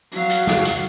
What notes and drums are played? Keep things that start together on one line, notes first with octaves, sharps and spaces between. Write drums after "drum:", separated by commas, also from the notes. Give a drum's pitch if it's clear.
F#3 F5, drum: open hi-hat
drum: hi-hat
drum: snare
drum: hi-hat